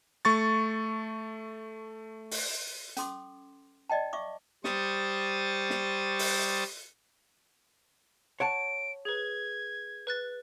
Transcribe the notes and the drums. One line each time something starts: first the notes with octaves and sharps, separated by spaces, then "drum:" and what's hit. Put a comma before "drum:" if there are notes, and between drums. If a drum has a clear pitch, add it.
A3 C#6 A6
drum: open hi-hat
C#4 A4 C6 D6, drum: hi-hat
D5 D#5 G5 A5
E5 C#6 D6
G3 C5 C#6 D#6 A6, drum: snare
drum: snare
drum: open hi-hat
C#5 F#5 A5 D7
G#4 B4 G#6
B4 F#6 A6